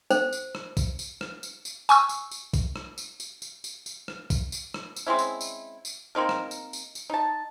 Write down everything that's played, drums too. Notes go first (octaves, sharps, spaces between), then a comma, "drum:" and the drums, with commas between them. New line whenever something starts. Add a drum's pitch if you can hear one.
C5, drum: tambourine
drum: tambourine
drum: rim click
drum: kick, tambourine
drum: tambourine
drum: rim click
drum: tambourine
drum: tambourine
G#5 C#6 E6, drum: tambourine
drum: tambourine
drum: tambourine
drum: kick, tambourine
drum: rim click
drum: tambourine
drum: tambourine
drum: tambourine
drum: tambourine
drum: tambourine
drum: rim click
drum: kick, tambourine
drum: tambourine
drum: rim click
drum: tambourine
G#3 C4 C#4 E4
drum: tambourine
drum: tambourine
drum: tambourine
A#3 C4 D#4 A#4
drum: rim click
drum: tambourine
drum: tambourine
drum: tambourine
D#4 A5